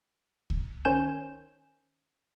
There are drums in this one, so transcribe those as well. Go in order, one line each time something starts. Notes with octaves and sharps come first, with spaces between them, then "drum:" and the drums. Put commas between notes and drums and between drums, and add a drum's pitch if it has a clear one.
drum: kick C#2
D#3 C#4 C5 G#5 G6 E7